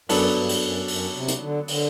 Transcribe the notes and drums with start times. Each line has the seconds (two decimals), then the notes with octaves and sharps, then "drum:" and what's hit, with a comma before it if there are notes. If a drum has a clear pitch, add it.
0.09 F#2 F#3 B3 D4 A4, drum: open hi-hat
0.35 G2
0.49 drum: open hi-hat
0.62 F#2
0.88 F#2, drum: open hi-hat
1.15 C3
1.28 drum: hi-hat
1.41 D3
1.68 D3, drum: open hi-hat